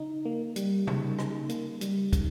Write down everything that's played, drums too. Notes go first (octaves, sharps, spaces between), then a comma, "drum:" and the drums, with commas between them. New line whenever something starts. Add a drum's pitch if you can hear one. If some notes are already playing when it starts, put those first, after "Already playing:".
Already playing: C#3 D#4
A#3
G3, drum: hi-hat
C#3, drum: tom C3
D#4, drum: rim click
A#3, drum: hi-hat
G3, drum: hi-hat
C#3, drum: kick, hi-hat